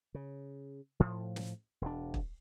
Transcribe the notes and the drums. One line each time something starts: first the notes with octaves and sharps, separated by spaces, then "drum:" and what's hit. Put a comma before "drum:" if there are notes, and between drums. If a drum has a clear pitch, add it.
C#3
A2 F3
drum: snare
E1 D4
drum: kick